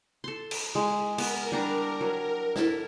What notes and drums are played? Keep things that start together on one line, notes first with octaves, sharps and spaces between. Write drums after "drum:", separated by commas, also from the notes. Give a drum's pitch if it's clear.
A4 C6
drum: cymbal
G#3
B3 A#4, drum: cymbal
G3 D4 A#5
F#3
E4 A4, drum: snare